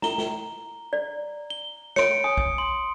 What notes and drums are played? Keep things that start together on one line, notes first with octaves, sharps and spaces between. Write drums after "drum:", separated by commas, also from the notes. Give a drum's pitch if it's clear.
E4 A#5 G7, drum: snare
drum: snare
D5
G7
C#5 C6 C#7 D7, drum: snare
G#5 D#6
drum: kick
C6